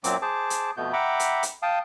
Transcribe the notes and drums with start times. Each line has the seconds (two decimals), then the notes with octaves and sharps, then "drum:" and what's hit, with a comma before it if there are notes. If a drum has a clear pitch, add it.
0.04 F#2 A#2 F#3 C4 D6, drum: hi-hat
0.22 G#4 C5 A5 D6
0.50 drum: hi-hat
0.77 F2 B2 A3 B3 G6
0.93 E5 F#5 G5 A#5 B5 D6
1.20 drum: hi-hat
1.43 drum: hi-hat
1.62 F5 G5 A5 D#6